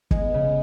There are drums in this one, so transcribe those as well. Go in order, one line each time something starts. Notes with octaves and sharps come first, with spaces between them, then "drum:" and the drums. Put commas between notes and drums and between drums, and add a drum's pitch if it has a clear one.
G#3 B3, drum: kick
C#3